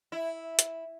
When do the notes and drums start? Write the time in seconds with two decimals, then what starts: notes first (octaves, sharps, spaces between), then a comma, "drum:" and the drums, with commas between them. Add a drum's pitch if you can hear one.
0.12 E4
0.59 drum: hi-hat